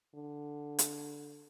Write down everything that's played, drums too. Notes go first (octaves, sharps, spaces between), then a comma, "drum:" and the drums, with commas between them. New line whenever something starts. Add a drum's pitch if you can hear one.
D3
drum: hi-hat